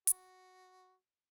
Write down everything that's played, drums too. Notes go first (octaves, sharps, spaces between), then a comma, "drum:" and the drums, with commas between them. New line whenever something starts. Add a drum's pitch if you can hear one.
F#4, drum: hi-hat